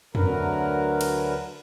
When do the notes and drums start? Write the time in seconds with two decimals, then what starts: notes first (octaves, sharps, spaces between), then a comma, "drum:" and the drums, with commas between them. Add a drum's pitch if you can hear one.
0.15 D2 D3 F#3 A#4 B4, drum: tom F2
1.01 drum: cymbal